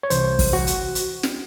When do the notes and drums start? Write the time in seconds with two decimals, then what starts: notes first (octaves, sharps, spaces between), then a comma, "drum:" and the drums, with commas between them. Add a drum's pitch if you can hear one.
0.03 C#5
0.10 C2 C3 E3 C5, drum: hi-hat
0.39 drum: kick, open hi-hat
0.53 F#4
0.67 drum: hi-hat
0.95 drum: hi-hat
1.23 drum: snare